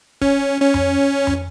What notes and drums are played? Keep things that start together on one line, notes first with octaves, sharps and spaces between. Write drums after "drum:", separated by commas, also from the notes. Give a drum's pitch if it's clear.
C#4, drum: kick
C#4
drum: tom F2
drum: tom F2